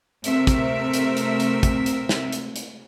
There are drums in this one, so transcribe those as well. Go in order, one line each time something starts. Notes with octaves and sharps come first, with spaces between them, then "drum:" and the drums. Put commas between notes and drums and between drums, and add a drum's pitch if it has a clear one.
C3 A3 C4 A#4 E5, drum: hi-hat
drum: kick, hi-hat
drum: hi-hat
drum: hi-hat
drum: hi-hat
drum: kick, hi-hat
drum: hi-hat
drum: snare
drum: hi-hat
drum: hi-hat